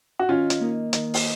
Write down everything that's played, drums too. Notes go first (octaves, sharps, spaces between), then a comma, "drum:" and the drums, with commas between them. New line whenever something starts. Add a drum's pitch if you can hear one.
F#4
D#3 C#4 F4
drum: hi-hat
A#3 D#4 A#4
D#3, drum: hi-hat
drum: open hi-hat